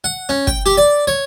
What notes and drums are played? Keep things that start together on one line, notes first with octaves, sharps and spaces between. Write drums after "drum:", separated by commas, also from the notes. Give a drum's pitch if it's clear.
F#5
C#4
G5, drum: kick
G4
D5
C#5